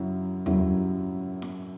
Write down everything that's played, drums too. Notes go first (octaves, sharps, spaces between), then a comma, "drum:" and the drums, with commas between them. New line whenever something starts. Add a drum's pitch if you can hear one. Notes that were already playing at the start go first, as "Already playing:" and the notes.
Already playing: F#2 C#3 F#3 E4
F#2 C#3 F#3 E4, drum: tom E2
drum: snare E4